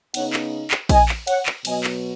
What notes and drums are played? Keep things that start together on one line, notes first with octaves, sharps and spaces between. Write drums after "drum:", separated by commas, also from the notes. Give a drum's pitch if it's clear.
C#3 B3 D#4 C#5 F#5, drum: cymbal
drum: clap
drum: clap
D#5 G#5, drum: kick A#1, cymbal
drum: clap
C#5 F#5, drum: cymbal
drum: clap
B2 F#3 B3 D#5 G#5, drum: cymbal
drum: clap